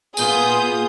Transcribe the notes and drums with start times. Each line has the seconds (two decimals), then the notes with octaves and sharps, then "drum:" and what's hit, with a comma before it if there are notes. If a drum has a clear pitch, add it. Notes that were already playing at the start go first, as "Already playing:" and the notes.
0.17 A#2 B3 F4 G#4 D#6 G6, drum: tambourine